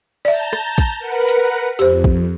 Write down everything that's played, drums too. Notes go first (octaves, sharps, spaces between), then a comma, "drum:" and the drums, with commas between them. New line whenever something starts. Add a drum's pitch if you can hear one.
D5 E5 A5 A#5 G6, drum: open hi-hat
drum: rim click
drum: kick, hi-hat
A#4 B4 F#5
drum: hi-hat
F2 G4 C5, drum: hi-hat
drum: kick